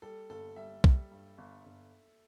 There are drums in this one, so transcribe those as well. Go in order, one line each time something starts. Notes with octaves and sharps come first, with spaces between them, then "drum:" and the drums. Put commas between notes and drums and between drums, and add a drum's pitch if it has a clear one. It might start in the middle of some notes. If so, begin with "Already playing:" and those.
G3 A4
G1 A4
G3 E5
G3, drum: kick
G2
G1
G1